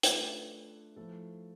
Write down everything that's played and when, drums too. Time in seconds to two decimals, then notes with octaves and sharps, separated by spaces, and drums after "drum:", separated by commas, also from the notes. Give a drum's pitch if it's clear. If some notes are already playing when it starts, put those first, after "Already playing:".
0.03 A3 D4 F4 B4 E5, drum: hi-hat
0.96 F3 A3 E4 A4